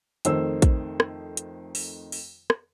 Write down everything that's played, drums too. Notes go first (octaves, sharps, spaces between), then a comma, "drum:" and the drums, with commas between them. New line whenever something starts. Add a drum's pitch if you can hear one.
F2 D#3 A3 C5 E6, drum: hi-hat
drum: kick A#1, hi-hat
drum: rim click
drum: hi-hat
drum: open hi-hat
drum: open hi-hat
drum: rim click